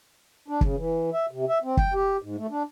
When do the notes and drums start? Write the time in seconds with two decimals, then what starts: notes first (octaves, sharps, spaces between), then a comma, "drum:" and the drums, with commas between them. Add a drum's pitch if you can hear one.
0.48 D4
0.61 C#3, drum: kick
0.77 E3
1.14 E5
1.31 C3
1.49 E5
1.64 C4
1.77 G5, drum: kick
1.94 G4
2.22 G#2
2.38 A3
2.50 D4